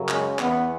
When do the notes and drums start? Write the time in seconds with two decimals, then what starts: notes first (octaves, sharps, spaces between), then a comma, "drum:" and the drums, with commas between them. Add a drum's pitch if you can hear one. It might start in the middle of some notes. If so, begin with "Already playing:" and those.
Already playing: F#2 C#3 F#3
0.09 G#3 C#4, drum: clap
0.39 E2 E3 B3, drum: clap